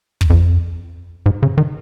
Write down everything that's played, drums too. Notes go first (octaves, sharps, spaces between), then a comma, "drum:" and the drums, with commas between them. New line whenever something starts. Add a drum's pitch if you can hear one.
drum: kick
F2
G#2
C#3
D#3